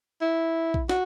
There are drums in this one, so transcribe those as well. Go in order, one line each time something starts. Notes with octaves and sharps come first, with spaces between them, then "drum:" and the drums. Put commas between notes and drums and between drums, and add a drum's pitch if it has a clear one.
E4
drum: kick A#1
F#4, drum: snare